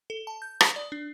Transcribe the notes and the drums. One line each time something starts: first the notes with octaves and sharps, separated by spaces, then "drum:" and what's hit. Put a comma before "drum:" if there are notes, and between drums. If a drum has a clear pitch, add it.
A4
A5
G6
D#6, drum: rim click
D5
D4